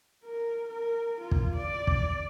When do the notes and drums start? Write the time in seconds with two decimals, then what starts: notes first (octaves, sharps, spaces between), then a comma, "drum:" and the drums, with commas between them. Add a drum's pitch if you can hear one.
0.24 A#4
0.68 A#4
1.20 F4
1.31 drum: kick
1.55 D5
1.87 drum: kick